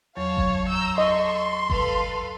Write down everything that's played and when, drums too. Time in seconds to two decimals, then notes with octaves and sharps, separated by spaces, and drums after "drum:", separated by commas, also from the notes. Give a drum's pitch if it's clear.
0.17 E2 F#3 C#5 F5 A5
0.37 drum: kick G1
0.68 A#5 E6 G6
0.98 A4 D#5 C6 C#6
1.70 A4 B4 F5, drum: kick G1